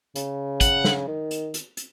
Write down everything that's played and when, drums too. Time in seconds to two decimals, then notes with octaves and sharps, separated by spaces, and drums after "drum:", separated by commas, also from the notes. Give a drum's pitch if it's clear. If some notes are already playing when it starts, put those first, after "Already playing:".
0.16 C#3, drum: hi-hat
0.61 F#5, drum: kick, hi-hat
0.84 drum: snare
1.08 D#3
1.31 drum: hi-hat
1.54 drum: hi-hat
1.77 drum: hi-hat